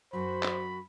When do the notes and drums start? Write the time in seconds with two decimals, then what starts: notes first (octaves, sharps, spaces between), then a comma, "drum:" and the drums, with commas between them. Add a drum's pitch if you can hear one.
0.13 F#2 F#3 F#4 C5 B5
0.43 drum: clap